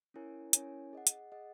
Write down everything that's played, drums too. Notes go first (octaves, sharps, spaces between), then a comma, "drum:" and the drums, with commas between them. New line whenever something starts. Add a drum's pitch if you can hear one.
C#4 E4 A#4 C#5 G#5
C#4 E4 A#4 C#5 G#5, drum: hi-hat
G#4 D#5 F#5
drum: hi-hat
G#4 D#5 F#5